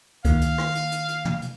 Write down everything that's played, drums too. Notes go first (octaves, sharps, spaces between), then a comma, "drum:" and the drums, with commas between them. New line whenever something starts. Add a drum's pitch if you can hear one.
D#3 A#3 F5, drum: kick C#2, hi-hat
drum: hi-hat
drum: rim click
drum: hi-hat
drum: hi-hat
drum: hi-hat
drum: tom
drum: hi-hat